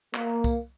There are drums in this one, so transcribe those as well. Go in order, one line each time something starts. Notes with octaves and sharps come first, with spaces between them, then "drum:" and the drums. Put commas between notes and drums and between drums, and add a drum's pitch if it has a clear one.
A#3, drum: clap
drum: kick C2, tambourine